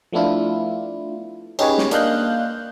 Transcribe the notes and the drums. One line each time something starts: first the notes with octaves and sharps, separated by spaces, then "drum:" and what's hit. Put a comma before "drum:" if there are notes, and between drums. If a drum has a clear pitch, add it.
F3 A3 B3 D4 E4 F4
C#4 D#4 G4 G#4 B4 C#5, drum: cymbal
drum: snare
A#3 D4 D#5 F5 F#6 G6, drum: hi-hat